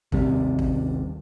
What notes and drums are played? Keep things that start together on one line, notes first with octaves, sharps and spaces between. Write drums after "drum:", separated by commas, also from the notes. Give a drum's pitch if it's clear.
G#1 D#2 C3 G3, drum: kick
drum: kick